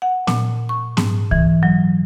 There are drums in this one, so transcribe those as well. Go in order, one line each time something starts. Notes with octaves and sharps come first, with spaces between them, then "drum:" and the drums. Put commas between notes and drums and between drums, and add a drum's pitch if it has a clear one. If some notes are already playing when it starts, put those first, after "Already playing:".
F#5
A#2, drum: snare B3
C#6
G#2, drum: snare B3
E3, drum: kick C2
F#3